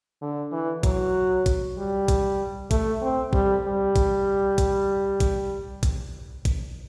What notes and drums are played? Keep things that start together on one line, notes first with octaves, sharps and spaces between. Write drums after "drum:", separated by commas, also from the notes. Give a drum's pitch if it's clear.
D3
E3
F#3, drum: kick A1, hi-hat
drum: kick A1, hi-hat
G3
drum: kick A1, hi-hat
A3, drum: kick A1, hi-hat
C4
G3, drum: kick A1
G3
drum: kick A1, hi-hat
drum: kick A1, hi-hat
drum: kick A1, hi-hat
drum: kick A1, hi-hat
drum: kick A1, hi-hat